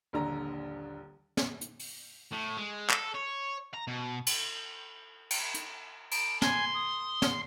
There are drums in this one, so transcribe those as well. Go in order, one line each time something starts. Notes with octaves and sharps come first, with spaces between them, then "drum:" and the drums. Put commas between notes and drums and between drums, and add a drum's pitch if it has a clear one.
D#1 A#1 D3 A#5
drum: snare
drum: hi-hat
drum: open hi-hat
A2
G#3
A4, drum: clap
C#5
A#5
B2
drum: cymbal
drum: cymbal
drum: hi-hat
D7, drum: cymbal
G#5 C6, drum: snare
D#6
drum: snare